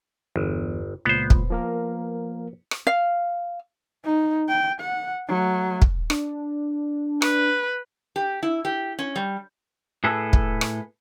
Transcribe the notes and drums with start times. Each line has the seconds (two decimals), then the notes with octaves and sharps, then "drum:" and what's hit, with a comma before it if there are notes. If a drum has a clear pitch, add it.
0.36 G1 E2
1.05 C#2 A#2 B3 C5
1.30 drum: kick
1.50 F3 A#3 A#4
2.71 drum: rim click
2.87 F5
4.05 D#4
4.49 G5
4.81 F#5
5.28 F#3 A3
5.82 drum: kick
6.10 D4, drum: rim click
7.22 B4, drum: rim click
8.16 G4
8.43 E4
8.65 G4
8.99 C#4
9.16 G3
10.04 A2 G#4 A4 B4
10.33 drum: kick
10.61 drum: rim click